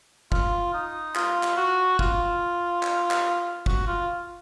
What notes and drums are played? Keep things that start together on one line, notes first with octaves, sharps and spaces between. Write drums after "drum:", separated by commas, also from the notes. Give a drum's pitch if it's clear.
F4, drum: kick
D#4
F4, drum: clap
drum: clap
F#4
F4, drum: kick
drum: clap
drum: clap
F#4, drum: kick
F4